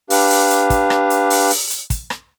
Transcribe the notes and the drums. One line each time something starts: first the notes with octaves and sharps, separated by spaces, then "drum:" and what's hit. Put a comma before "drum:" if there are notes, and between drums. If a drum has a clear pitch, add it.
D4 G4 B4 F5, drum: open hi-hat
drum: open hi-hat
drum: hi-hat
drum: kick, hi-hat
drum: rim click
drum: hi-hat
drum: open hi-hat
drum: open hi-hat
drum: hi-hat
drum: kick, hi-hat
drum: rim click